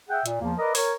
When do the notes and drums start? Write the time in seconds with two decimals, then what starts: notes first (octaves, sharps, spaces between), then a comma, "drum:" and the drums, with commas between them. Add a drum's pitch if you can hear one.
0.09 G#4 E5 F#5 G5
0.26 A#2, drum: hi-hat
0.41 E2 F3 A#3
0.58 A#4 B4 D5 D#5
0.75 A#4 C#5, drum: open hi-hat